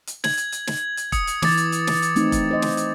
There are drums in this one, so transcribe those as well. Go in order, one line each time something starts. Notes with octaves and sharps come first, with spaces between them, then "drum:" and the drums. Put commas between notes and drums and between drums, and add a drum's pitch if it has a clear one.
drum: hi-hat
G#6 F#7, drum: snare
drum: hi-hat
drum: hi-hat
drum: snare
drum: hi-hat
D#6 C#7, drum: kick E1, hi-hat
drum: hi-hat
E3 D6 A6, drum: snare
drum: hi-hat
drum: hi-hat
drum: snare
drum: hi-hat
A3 C4 D#4, drum: hi-hat
drum: kick E1, hi-hat
C5 D#5
drum: snare
drum: hi-hat